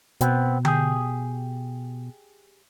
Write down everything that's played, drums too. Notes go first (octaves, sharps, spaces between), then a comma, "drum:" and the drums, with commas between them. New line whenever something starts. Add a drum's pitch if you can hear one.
B2 B3 C4, drum: hi-hat
G4 G#4, drum: tom D3